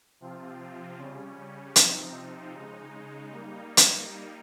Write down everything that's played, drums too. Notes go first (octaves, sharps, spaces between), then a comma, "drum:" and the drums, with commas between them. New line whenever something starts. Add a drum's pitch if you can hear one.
C3 F3 C4 F4
C#3 G3 C#4
C3 F3 C4 D#4, drum: hi-hat
C#3 G#3 D#4
G3 A#3 D#4
drum: hi-hat